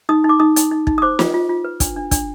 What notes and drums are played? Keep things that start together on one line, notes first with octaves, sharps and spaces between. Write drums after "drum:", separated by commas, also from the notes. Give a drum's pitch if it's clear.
D#4 D#6
D#4
D6
D#4 D#6
D#4, drum: hi-hat
D#4
D#4, drum: kick
D#6
C5 D6
F4, drum: snare
F4
F4
B4
D4, drum: kick, hi-hat
D4
D4, drum: kick, hi-hat